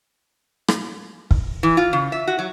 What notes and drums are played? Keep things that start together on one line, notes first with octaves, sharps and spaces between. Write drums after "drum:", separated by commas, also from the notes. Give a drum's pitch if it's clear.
drum: rim click
drum: kick
E3
F4
C#3
E5
F#4
F#3